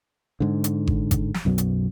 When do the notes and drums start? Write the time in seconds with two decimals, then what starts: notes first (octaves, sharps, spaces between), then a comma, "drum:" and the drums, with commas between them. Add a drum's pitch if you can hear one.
0.40 G#2 D3
0.64 drum: hi-hat
0.87 drum: kick G1
1.11 drum: kick G1, hi-hat
1.34 drum: snare
1.45 B1 F#2 B2 F#3
1.58 drum: hi-hat